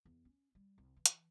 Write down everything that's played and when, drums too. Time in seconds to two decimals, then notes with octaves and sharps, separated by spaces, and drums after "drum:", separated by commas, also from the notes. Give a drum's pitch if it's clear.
0.05 E2
0.25 C#4
0.55 G3
0.78 C2
0.96 E3
1.06 drum: hi-hat